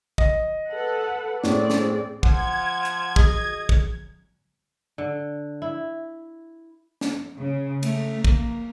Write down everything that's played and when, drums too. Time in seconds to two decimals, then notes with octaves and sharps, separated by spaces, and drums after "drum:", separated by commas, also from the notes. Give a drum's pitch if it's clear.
0.18 D#5, drum: kick
0.72 A4 B4 F#5
1.44 A2 C4 G#4 D5, drum: snare
1.70 drum: snare
2.23 F3 F#5 G#6, drum: kick
2.85 drum: hi-hat
3.16 G#4 D#5, drum: kick
3.69 drum: kick
4.98 D3
5.62 E4
7.01 drum: snare
7.37 C#3
7.83 A3, drum: cymbal
8.25 A#3, drum: kick